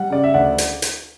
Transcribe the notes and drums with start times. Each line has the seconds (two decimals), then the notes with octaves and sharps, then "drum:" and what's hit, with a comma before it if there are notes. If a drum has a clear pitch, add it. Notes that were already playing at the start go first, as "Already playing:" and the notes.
Already playing: G3 F#5
0.10 C#3 D5
0.24 E5
0.34 D2 D5 F#5
0.58 drum: hi-hat
0.82 drum: hi-hat